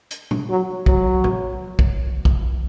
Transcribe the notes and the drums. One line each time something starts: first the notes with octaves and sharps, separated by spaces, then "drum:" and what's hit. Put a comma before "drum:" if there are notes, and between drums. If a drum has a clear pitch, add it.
drum: hi-hat
drum: tom A#2
F#3
F#3, drum: kick
drum: tom A2
drum: kick
drum: kick